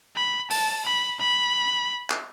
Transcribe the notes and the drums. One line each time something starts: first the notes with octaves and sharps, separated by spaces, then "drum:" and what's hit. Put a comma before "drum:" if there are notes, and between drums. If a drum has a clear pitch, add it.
B5
A5, drum: open hi-hat
B5
B5
drum: clap